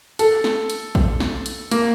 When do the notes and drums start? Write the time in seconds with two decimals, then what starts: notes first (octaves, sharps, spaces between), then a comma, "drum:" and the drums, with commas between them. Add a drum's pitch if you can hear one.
0.19 A4, drum: hi-hat
0.44 drum: snare
0.70 drum: hi-hat
0.95 drum: kick
1.20 drum: snare
1.46 drum: hi-hat
1.71 A#3, drum: hi-hat